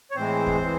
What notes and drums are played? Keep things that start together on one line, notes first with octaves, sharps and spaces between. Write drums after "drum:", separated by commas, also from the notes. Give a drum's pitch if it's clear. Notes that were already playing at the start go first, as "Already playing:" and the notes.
C#5
A2 E3 G#3 C4 C5
drum: kick D#2
E3 G#3